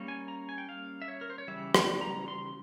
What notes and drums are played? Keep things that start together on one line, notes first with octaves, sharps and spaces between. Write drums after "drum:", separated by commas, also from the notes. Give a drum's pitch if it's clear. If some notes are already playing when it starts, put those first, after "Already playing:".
Already playing: G3 A#3 C#4
G#5
A#5
G#5
G5
F5
E5
C#5
A#4
C5
C#5
C#3 E3 G3 E5
G5, drum: rim click
A#5
C6